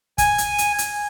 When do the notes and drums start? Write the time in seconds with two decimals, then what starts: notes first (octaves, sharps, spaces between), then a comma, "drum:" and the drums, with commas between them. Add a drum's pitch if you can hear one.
0.18 G#5, drum: kick, hi-hat
0.38 drum: hi-hat
0.58 drum: hi-hat
0.78 drum: hi-hat